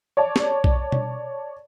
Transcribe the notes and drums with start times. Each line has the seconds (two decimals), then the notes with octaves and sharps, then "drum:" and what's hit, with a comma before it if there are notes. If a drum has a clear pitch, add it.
0.17 C#5 D5 A5
0.36 drum: snare
0.64 drum: kick B1
0.92 drum: tom B2